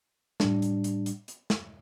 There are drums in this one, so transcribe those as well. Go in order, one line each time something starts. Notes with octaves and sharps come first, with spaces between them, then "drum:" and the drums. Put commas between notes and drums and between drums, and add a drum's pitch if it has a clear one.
A2 G3 D4, drum: snare
drum: hi-hat
drum: hi-hat
drum: hi-hat
drum: hi-hat
drum: snare